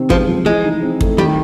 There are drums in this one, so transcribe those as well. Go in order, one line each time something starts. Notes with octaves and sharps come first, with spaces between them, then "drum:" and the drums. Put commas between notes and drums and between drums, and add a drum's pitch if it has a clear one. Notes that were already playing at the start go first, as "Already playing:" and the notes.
Already playing: C3 D#3 C4
F3 G#3, drum: kick
F3
E3 G#3
D#4
C4
A3, drum: kick
D#3 G3